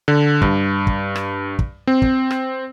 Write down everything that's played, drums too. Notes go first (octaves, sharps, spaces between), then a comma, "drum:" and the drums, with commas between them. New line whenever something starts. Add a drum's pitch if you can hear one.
D3
G2, drum: kick
drum: kick
drum: rim click
drum: kick
C4
drum: kick
drum: rim click